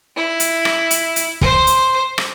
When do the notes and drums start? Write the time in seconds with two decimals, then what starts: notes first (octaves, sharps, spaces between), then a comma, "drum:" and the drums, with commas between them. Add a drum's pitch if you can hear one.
0.16 E4
0.40 drum: hi-hat
0.65 drum: rim click
0.91 drum: hi-hat
1.16 drum: hi-hat
1.41 C5, drum: kick
1.67 drum: hi-hat
2.18 drum: rim click